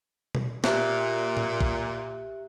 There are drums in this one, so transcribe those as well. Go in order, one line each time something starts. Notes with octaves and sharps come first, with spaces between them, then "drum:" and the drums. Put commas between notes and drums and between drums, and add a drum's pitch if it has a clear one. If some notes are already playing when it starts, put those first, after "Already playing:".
drum: tom B2
A#2 G4 E5 F#6, drum: snare
drum: tom A2
drum: kick